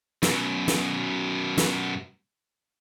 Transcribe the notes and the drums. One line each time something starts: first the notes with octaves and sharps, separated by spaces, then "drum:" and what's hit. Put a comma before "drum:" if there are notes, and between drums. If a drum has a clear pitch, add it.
F#2 B2, drum: snare
drum: snare
drum: snare